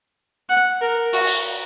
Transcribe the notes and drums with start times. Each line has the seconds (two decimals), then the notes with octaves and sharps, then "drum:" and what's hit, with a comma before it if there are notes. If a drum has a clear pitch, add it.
0.49 F#5
0.81 A#4
1.13 F#4, drum: open hi-hat
1.27 drum: tambourine